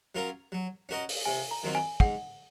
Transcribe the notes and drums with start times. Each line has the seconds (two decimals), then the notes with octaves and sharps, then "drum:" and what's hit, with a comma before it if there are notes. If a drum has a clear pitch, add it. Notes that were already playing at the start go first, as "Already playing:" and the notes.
0.15 F#3 C#4 F4 A#4
0.52 F#3
0.89 C#4 F#4 A#4 D#5
1.09 drum: open hi-hat
1.25 C3 G#5
1.51 A#5
1.63 D#3 F#3 C4 F4
1.75 G#5
2.00 G#2 F#5, drum: kick